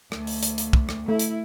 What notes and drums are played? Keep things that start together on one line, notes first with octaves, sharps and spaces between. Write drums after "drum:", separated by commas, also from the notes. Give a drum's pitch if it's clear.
D2, drum: rim click
drum: open hi-hat
drum: hi-hat
drum: hi-hat
drum: kick
drum: rim click
A3 E4
drum: hi-hat